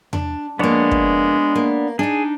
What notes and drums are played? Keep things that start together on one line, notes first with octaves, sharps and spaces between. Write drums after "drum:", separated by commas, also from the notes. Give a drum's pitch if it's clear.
D4, drum: tom E2
F2 G#3 A#3 B3 D4 C#5
drum: kick
A#3
D4 D#4 G#4